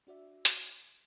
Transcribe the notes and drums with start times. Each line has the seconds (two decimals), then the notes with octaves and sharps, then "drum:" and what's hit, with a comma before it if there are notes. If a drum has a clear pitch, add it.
0.07 D4 F#4 D5 E5
0.45 drum: hi-hat